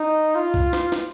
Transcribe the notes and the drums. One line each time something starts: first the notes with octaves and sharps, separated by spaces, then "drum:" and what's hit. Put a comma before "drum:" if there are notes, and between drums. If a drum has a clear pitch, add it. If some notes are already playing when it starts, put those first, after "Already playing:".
Already playing: D#4
F4, drum: tambourine
drum: kick C2, tambourine
drum: snare
drum: snare